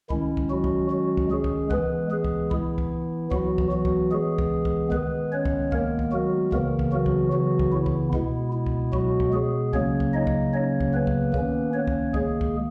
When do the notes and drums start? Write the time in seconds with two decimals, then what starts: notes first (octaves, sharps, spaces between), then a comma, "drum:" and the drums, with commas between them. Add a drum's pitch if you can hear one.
0.10 D#3 G#3 C#4 E4, drum: kick C#2
0.37 drum: kick C#2
0.50 F#3 F#4
0.64 drum: kick C#2
0.90 F#3 F#4
1.17 drum: kick C#2
1.31 G#3 G#4
1.44 drum: kick C#2
1.71 E3 G#3 B3 B4, drum: kick C#2
2.11 G#3 G#4
2.24 drum: kick C#2
2.51 E4, drum: kick C#2
2.78 drum: kick C#2
3.32 E3 F#3 B3 F#4, drum: kick C#2
3.58 drum: kick C#2
3.72 F#3 F#4
3.85 drum: kick C#2
4.12 G#3 G#4
4.38 drum: kick C#2
4.65 drum: kick C#2
4.92 D#3 G#3 B3 B4, drum: kick C#2
5.32 C#4 C#5
5.45 drum: kick C#2
5.72 A#3 A#4, drum: kick C#2
5.99 drum: kick C#2
6.12 F#3 F#4
6.52 C#3 E3 A#3 B3 A#4, drum: kick C#2
6.79 drum: kick C#2
6.93 F#3 F#4
7.06 drum: kick C#2
7.33 F#3 F#4
7.59 drum: kick C#2
7.73 E4
7.86 drum: kick C#2
8.13 B2 G#3 B3 E4, drum: kick C#2
8.53 E4
8.66 drum: kick C#2
8.93 F#3 F#4, drum: kick C#2
9.20 drum: kick C#2
9.33 G#3 G#4
9.73 C#3 F#3 A#3 C#4 C#5, drum: kick C#2
10.00 drum: kick C#2
10.14 D#4 D#5
10.27 drum: kick C#2
10.53 C#4 C#5
10.80 drum: kick C#2
10.94 B3 B4
11.07 drum: kick C#2
11.34 D#3 A#3 C#4, drum: kick C#2
11.74 C#4 C#5
11.87 drum: kick C#2
12.14 G#3 G#4, drum: kick C#2
12.41 drum: kick C#2